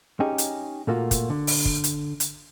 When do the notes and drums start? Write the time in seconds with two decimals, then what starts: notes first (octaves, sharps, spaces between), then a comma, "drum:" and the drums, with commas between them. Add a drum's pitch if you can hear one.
0.20 C#4 D#4 G4 G#4
0.38 drum: hi-hat
0.87 A#2 A3 A#3 F4 F#4
1.11 drum: kick, hi-hat
1.30 D3
1.47 drum: open hi-hat
1.65 drum: kick
1.84 drum: hi-hat
2.20 drum: hi-hat